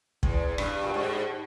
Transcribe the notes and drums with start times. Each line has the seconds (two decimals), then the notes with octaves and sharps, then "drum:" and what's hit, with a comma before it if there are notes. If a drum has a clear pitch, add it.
0.23 E2, drum: kick
0.58 G2, drum: rim click
0.83 A#2
0.94 G#2